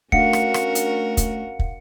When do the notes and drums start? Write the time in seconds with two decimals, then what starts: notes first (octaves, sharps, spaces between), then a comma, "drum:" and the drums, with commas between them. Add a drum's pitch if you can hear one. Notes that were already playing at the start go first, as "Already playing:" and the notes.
0.12 A3 C#4 D4 F#4 A#4 F5 F#5 C#7, drum: kick
0.33 drum: rim click
0.54 drum: rim click
0.75 drum: hi-hat
1.17 drum: kick, hi-hat
1.59 drum: kick